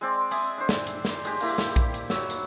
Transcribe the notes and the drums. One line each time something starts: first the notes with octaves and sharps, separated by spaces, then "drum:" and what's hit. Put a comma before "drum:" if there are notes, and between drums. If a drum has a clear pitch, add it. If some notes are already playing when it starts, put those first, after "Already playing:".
G#3 C4 D5
D5 E5 G#5 D#6, drum: hi-hat
D4 C5
drum: snare
drum: hi-hat
drum: snare
G#3 G4, drum: hi-hat
A#3 E4 G4, drum: open hi-hat
drum: snare
drum: kick A#1, hi-hat
drum: hi-hat
F#3, drum: snare
drum: hi-hat